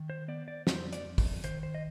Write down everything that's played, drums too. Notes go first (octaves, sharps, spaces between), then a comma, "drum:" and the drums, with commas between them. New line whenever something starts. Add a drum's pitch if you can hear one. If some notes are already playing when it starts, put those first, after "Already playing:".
Already playing: D#3
C5
B3 D5
D5
F2 C5, drum: snare
D5, drum: hi-hat
F2
drum: kick, open hi-hat
D#3 C5, drum: hi-hat
C5
D#5